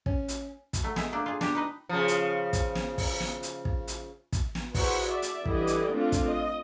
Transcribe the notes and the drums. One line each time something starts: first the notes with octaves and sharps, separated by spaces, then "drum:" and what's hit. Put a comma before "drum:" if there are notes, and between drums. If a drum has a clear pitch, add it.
C#4, drum: kick
drum: hi-hat
drum: kick, hi-hat
F#3 A3
G#3 E5, drum: snare
A3 A#3 D4
F4 G#4
D4 G4, drum: snare
D#4 B4 D#5
C#3 F3
drum: hi-hat
drum: kick, hi-hat
drum: snare
drum: kick, open hi-hat
drum: snare
drum: hi-hat
drum: kick
drum: hi-hat
drum: kick, hi-hat
drum: snare
E4 F#4 G#4 B4 C5, drum: kick, open hi-hat
D5 E5
drum: hi-hat
D3 E3 G3 E4 D5 D#5, drum: kick
drum: hi-hat
A3 C4 D4 F4 A4
drum: kick, hi-hat
D#5